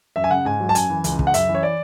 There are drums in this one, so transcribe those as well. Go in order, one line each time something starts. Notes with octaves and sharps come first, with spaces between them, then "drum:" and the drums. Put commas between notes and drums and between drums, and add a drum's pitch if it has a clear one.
F#2 E5
G#5
C#3 F#5
G#2 G#5
F#3
A5
F#2 G#5, drum: hi-hat
E3
C#2, drum: hi-hat
C#3, drum: kick
F#5
F#2 E5, drum: hi-hat
E3
C#5
D5